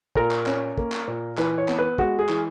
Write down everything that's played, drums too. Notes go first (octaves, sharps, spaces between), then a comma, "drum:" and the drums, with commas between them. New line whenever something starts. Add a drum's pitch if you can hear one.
A#2 A#4, drum: kick
drum: clap
C#4, drum: clap
A#3, drum: kick
drum: clap
A#2
E3 B4, drum: clap
C#5
B3, drum: clap
B4
G#3 F#4, drum: kick
G#4
E3, drum: clap